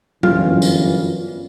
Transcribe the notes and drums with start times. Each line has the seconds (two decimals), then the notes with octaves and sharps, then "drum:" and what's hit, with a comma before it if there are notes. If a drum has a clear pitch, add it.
0.23 G1 F#2 E3 F4, drum: tom F#3
0.62 drum: tambourine